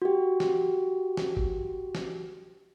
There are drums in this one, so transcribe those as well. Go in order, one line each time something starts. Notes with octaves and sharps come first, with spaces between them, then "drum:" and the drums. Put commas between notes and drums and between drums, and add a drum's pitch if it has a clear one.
F#4 G4
drum: snare
drum: snare
drum: kick
drum: snare